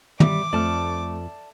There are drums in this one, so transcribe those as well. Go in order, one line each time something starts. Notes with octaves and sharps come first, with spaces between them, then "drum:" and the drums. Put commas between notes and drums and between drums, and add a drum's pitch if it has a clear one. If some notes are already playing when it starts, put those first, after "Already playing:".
G3 E5 D6, drum: tom
F2 A3 D5 A5 F6